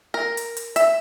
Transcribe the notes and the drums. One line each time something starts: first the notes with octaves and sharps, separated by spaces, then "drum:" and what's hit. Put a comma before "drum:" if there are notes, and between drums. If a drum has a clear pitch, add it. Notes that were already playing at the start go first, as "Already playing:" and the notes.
A#4
drum: hi-hat
drum: hi-hat
E5, drum: hi-hat